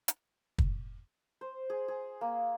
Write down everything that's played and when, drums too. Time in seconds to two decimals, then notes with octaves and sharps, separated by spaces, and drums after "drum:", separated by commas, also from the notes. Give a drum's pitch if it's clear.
0.08 drum: hi-hat
0.58 drum: kick
1.41 C5
1.70 G#4
1.88 G#4
2.21 A#3